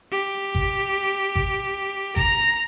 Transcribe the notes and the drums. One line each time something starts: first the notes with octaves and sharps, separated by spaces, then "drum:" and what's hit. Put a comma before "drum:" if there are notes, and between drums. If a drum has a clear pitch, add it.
G4
drum: kick G#1
drum: kick G#1
A#5, drum: kick G#1